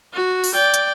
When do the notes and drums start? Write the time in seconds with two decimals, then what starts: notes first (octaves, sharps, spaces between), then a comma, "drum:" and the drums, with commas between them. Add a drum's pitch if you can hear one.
0.14 F#4
0.44 drum: open hi-hat
0.54 D5 G5
0.74 drum: hi-hat